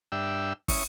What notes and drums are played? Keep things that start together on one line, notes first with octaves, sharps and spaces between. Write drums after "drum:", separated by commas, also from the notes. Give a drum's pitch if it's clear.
G2 D4 E5 G5 E6
C#4 E4 C#6 D#6, drum: kick, open hi-hat